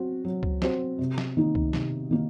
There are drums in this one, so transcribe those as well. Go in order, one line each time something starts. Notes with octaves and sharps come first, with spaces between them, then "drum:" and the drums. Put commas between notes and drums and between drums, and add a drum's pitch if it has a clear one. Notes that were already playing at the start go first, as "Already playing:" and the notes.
Already playing: F#3 C4 F#4 C5
F#3
drum: kick C#2
C4 F#4 C5, drum: snare
C3
drum: snare
D#3 A#3 D#4
drum: kick C#2
C3, drum: snare
D#3 A#3 D#4